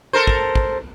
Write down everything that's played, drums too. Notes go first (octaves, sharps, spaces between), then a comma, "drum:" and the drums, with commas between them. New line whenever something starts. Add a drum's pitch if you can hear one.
A4 A#4 C5
drum: kick
drum: kick